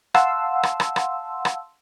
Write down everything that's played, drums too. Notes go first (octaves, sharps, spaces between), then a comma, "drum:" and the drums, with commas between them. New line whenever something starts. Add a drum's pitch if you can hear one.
F5 F#5 A5 C6 E6, drum: rim click
drum: rim click
drum: rim click
drum: rim click
drum: rim click